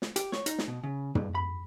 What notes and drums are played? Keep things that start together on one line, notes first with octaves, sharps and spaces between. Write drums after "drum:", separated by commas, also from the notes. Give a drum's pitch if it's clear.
drum: snare
G4, drum: hi-hat
C#5, drum: snare
D#4, drum: hi-hat
drum: snare
B2
C#3
G2, drum: tom
B5